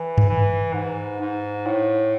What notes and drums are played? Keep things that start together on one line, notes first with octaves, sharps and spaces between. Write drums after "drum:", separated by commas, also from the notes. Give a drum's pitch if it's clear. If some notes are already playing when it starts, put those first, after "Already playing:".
Already playing: E3
drum: tom G2
E3
G#2
G#2
A2